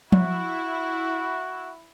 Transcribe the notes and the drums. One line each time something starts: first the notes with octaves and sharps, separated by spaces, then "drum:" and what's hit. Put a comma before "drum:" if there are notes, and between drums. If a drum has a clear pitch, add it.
E4 F#4, drum: tom F3